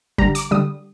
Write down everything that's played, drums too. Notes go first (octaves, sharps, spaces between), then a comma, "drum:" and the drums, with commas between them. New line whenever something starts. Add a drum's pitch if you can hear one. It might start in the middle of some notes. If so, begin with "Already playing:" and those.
D3 G3 A#5, drum: kick
D6, drum: hi-hat
D3 G3 D#6